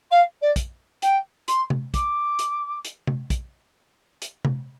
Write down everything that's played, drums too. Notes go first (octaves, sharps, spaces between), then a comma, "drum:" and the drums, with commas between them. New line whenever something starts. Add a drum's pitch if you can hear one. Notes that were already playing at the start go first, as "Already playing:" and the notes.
F5
D5
drum: kick, hi-hat
G5, drum: hi-hat
C6, drum: hi-hat
drum: tom C3
D6, drum: kick, hi-hat
drum: hi-hat
drum: hi-hat
drum: tom C3
drum: kick, hi-hat
drum: hi-hat
drum: tom C3